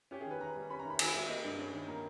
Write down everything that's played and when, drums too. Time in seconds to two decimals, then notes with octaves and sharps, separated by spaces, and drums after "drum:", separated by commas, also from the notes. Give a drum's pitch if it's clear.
0.11 C#4 G4
0.21 G#4
0.26 D#3 B4
0.41 D#3 A#5
0.56 G3
0.70 C#4 B5
0.79 A#5
0.85 D#3
0.90 B5
0.99 D#3 G#5, drum: cymbal
1.14 G3 E5
1.28 A#3 D#5
1.44 G2
1.59 C#4
1.73 D#3
1.88 A#3 A#5